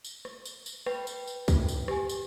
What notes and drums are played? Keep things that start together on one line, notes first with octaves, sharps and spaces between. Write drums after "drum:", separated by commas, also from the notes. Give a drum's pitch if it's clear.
drum: tambourine
drum: rim click
drum: tambourine
drum: tambourine
B4 G5, drum: rim click
drum: tambourine
drum: tambourine
drum: kick, tambourine
drum: tambourine
G4 G#5, drum: rim click
drum: tambourine